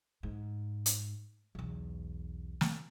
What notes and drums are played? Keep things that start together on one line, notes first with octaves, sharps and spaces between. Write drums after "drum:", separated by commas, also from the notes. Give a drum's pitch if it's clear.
G#2
drum: hi-hat
B1 E2
drum: snare